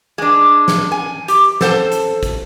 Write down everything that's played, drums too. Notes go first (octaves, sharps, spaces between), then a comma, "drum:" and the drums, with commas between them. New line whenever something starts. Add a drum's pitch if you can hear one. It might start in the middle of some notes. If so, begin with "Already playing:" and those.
G#3 D4
drum: snare
G#5
G4, drum: hi-hat
A4 C5 F#5 A5, drum: snare
drum: hi-hat
drum: kick, hi-hat